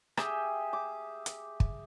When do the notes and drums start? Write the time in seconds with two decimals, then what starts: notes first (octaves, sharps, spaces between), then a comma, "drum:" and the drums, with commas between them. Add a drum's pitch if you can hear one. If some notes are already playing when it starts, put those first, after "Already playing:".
0.17 G4 G#4 E5 G5, drum: rim click
0.73 D6
1.26 drum: hi-hat
1.60 drum: kick